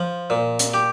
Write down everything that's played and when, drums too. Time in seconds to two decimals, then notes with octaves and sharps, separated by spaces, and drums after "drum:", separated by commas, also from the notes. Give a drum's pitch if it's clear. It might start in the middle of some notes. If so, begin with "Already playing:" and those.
Already playing: F3
0.30 A#2
0.59 drum: hi-hat
0.74 G4